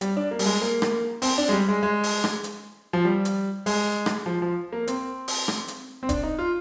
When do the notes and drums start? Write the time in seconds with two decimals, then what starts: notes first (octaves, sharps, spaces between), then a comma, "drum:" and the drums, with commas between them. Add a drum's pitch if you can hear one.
0.01 G3, drum: hi-hat
0.17 D4
0.31 A#3
0.39 G3, drum: open hi-hat
0.46 G#3
0.62 A#3
0.82 drum: rim click
1.22 C4, drum: open hi-hat
1.38 D4
1.49 G#3
1.52 G3
1.68 G#3
1.83 G#3
2.03 drum: open hi-hat
2.24 drum: rim click
2.44 drum: hi-hat
2.93 F3
3.05 G3
3.25 drum: hi-hat
3.66 G#3, drum: open hi-hat
4.06 drum: rim click
4.26 F3
4.42 F3
4.73 A#3
4.87 C4, drum: hi-hat
5.28 drum: open hi-hat
5.48 drum: rim click
5.68 drum: hi-hat
6.03 C4
6.09 D4, drum: kick D#1, hi-hat
6.23 D#4
6.38 F4